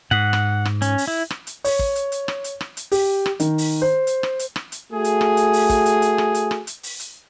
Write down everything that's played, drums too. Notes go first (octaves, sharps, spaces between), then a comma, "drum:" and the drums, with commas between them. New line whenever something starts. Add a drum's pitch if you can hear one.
G#2 F#5
drum: rim click
drum: rim click
C#4, drum: hi-hat
drum: open hi-hat
E4
drum: rim click
drum: hi-hat
C#5, drum: open hi-hat
drum: kick
drum: hi-hat
drum: hi-hat
drum: rim click
drum: hi-hat
drum: rim click
drum: hi-hat
G4, drum: open hi-hat
drum: rim click
D#3, drum: hi-hat
drum: open hi-hat
C5
drum: hi-hat
drum: rim click
drum: hi-hat
drum: rim click
drum: hi-hat
A3 F#4 G#4
drum: hi-hat
drum: rim click
drum: hi-hat
drum: open hi-hat
drum: kick, hi-hat
drum: hi-hat
drum: hi-hat
drum: rim click
drum: hi-hat
drum: rim click
drum: hi-hat
drum: open hi-hat
drum: hi-hat